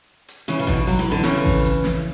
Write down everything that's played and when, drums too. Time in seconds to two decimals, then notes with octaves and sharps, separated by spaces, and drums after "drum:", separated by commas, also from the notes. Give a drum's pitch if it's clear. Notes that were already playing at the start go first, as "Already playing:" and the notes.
0.28 drum: hi-hat
0.48 C#3 E3, drum: hi-hat
0.59 C#3
0.67 B2 D3, drum: kick A1, hi-hat
0.87 F#3, drum: open hi-hat
0.99 E3
1.11 D3
1.24 C#3 E3, drum: snare
1.45 drum: kick A1, open hi-hat
1.64 drum: hi-hat
1.84 drum: snare